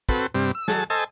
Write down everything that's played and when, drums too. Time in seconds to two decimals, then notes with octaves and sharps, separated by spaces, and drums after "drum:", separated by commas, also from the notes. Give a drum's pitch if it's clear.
0.09 C4 F#4 A4 B4, drum: kick
0.34 G2 C3 G3 C4
0.55 E6
0.68 F#3 G#4 A4 A5, drum: snare
0.90 A4 C5 D#5 G#5 A5 E6